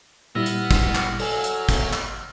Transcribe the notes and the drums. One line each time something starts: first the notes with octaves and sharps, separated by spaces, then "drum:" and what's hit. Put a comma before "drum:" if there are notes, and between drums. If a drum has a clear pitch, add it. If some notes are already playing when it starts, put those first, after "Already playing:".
A#2 G3 B3 E4 E6 F6 A#6
drum: hi-hat
drum: kick, hi-hat
drum: clap
F#3 A4 G#5, drum: open hi-hat
drum: hi-hat
drum: kick, hi-hat
drum: clap